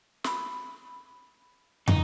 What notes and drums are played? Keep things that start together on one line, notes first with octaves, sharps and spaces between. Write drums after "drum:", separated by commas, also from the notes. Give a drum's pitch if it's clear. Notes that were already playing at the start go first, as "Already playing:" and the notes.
B5 E6, drum: snare
D#4, drum: tom